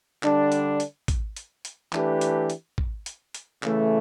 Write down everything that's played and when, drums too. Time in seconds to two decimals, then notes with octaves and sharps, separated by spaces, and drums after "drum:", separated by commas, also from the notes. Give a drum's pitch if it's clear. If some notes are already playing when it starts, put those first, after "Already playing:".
0.23 D3 G3 D4, drum: clap
0.52 drum: hi-hat
0.80 drum: hi-hat
1.08 drum: kick, hi-hat
1.37 drum: hi-hat
1.65 drum: hi-hat
1.93 E3 A3 D4 G4 B4, drum: clap
2.21 drum: hi-hat
2.50 drum: hi-hat
2.78 drum: kick
3.06 drum: hi-hat
3.34 drum: hi-hat
3.63 C#3 E3 A3, drum: clap